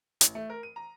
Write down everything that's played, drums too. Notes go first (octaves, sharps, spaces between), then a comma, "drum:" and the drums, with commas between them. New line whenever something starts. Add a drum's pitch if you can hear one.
A1, drum: hi-hat
A3
A#4
D#7
A#5